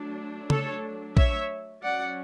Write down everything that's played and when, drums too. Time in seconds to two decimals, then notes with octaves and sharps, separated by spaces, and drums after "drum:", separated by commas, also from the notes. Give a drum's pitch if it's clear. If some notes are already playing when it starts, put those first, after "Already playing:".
Already playing: F#3 A3 D4
0.50 A4 C#5, drum: tom C#3
1.17 C#5 E5, drum: kick
1.83 F#3 C#4 D5 F#5